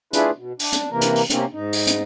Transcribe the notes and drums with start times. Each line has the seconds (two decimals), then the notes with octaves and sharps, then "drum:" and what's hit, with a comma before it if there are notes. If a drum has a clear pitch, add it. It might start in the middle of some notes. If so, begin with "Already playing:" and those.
0.13 A3 D4 E4 F4 G#4 B4, drum: hi-hat
0.37 B2
0.59 D4, drum: open hi-hat
0.73 drum: hi-hat
0.91 C3 E3 A#3 A#4
1.01 drum: hi-hat
1.16 drum: open hi-hat
1.30 C3 A#3 C4 C#4, drum: hi-hat
1.53 G#2 D#4
1.73 drum: open hi-hat
1.87 drum: hi-hat